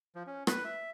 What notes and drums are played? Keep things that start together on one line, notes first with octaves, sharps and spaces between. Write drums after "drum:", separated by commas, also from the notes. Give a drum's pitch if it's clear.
F3
C#4
B4, drum: rim click
E5